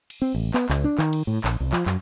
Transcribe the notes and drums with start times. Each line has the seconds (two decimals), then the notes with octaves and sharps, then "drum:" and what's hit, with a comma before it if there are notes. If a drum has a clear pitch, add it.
0.10 drum: cymbal
0.22 C4
0.35 A1
0.54 B3, drum: clap
0.69 C#2, drum: clap
0.84 D4
0.98 D#3, drum: clap
1.13 drum: cymbal
1.27 A2
1.44 A#1, drum: clap
1.60 C2
1.73 F3, drum: clap
1.86 F#2, drum: clap